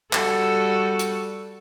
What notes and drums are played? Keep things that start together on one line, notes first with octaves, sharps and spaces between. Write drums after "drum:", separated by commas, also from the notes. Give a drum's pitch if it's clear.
G3 F#4 A4, drum: clap
drum: hi-hat